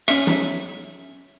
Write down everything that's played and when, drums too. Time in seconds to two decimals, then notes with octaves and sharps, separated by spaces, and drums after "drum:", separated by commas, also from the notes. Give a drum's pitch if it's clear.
0.08 C#4 E5, drum: rim click
0.27 drum: snare